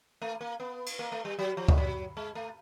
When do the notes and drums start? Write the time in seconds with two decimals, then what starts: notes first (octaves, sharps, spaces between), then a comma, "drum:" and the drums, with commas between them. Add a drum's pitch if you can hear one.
0.22 A3
0.41 A#3
0.60 B3
0.86 drum: cymbal
0.99 A#3
1.12 A3
1.25 G3
1.39 F#3
1.57 F3
1.68 drum: kick D2
1.78 F#3
2.17 G#3
2.35 A3